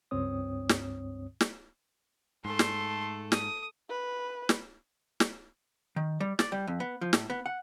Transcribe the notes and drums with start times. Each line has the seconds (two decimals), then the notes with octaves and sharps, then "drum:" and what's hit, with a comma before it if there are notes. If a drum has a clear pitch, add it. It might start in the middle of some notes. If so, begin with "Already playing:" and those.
0.11 C#2 G2 C4 C#5 D#6
0.69 drum: snare
1.41 drum: snare
2.45 G#2 A3 A4 C6
2.59 drum: snare
3.32 D#6, drum: snare
3.89 B4
4.49 drum: snare
5.20 drum: snare
5.96 D#3
6.20 G3
6.39 D5, drum: snare
6.52 G3
6.67 F2
6.80 B3
7.01 F3
7.13 A2, drum: snare
7.30 B3
7.46 F#5